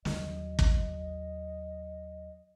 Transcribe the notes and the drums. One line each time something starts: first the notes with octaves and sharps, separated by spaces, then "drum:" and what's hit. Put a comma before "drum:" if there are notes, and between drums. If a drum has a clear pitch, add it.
D#2 F#3 D#5, drum: snare
drum: kick